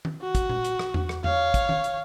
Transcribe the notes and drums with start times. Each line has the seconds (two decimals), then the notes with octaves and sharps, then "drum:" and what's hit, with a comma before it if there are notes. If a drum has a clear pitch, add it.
0.05 drum: tom D#3
0.22 F#4
0.35 drum: kick, hi-hat
0.50 drum: tom A#2
0.65 drum: hi-hat
0.79 drum: rim click
0.94 drum: tom E2
1.09 drum: rim click
1.24 C#5 F5, drum: tom E2
1.54 drum: kick, hi-hat
1.69 drum: tom D#3
1.84 drum: hi-hat